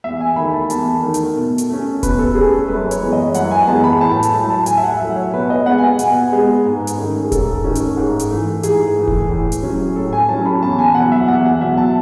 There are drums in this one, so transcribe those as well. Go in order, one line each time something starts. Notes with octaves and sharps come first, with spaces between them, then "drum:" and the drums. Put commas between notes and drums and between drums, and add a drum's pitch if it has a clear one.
E2 E5
G#5
D#3 A3 B5
A5
E2 A5, drum: hi-hat
D#3 A3
drum: hi-hat
B2
drum: hi-hat
A3 C#4
B2 B4, drum: kick E1, hi-hat
A4
A3 C#4 G#4
A4
F#2 B4
C#5, drum: hi-hat
E3 G#3 B3
D#5
F#2 F#5, drum: hi-hat
G#5
E3 G#3 B3 A5
B5
A2 A5
drum: hi-hat
F#3 A3 A5
A5
A2 G#5, drum: hi-hat
E5
F#5
F#3 A3 E5
C#5
B2 B4
D#5
G#3 B3 F#5
G#5
F#5
B2 G#5, drum: hi-hat
G#3 B3
G#2
drum: hi-hat
D#3 A3 C#4
G#4
G#2 A4, drum: kick E1, hi-hat
D#3 A3 C#4
drum: hi-hat
G#2
drum: hi-hat
E3 A3
G#2 G#4, drum: hi-hat
E3 A3
drum: kick E1
A2
drum: hi-hat
F#3 C#4
A2 A4
G#5
F#3 C#4 A5
B5
E2 A5
G#5
B2 F#5
F#3
E5
E2 F#5
F#5
B2 F#3 E5
A5